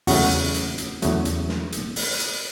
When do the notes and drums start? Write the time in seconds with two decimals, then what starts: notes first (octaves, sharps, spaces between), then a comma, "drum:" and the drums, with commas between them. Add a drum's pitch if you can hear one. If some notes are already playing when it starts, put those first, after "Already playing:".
0.07 E2 C#3 F#3 A3 F#4, drum: open hi-hat
0.54 drum: hi-hat
0.78 drum: hi-hat
1.02 E2 C#3 F#3 A3, drum: hi-hat
1.25 drum: hi-hat
1.49 drum: snare
1.72 drum: hi-hat
1.96 drum: open hi-hat
2.20 drum: hi-hat